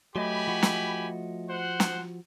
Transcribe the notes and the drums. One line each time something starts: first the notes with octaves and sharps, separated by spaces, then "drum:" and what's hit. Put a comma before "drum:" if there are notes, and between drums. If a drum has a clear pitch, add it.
F#3 A3 G4 D#5 G#5 B5
F3 F#4
drum: snare
C5 F#5
drum: snare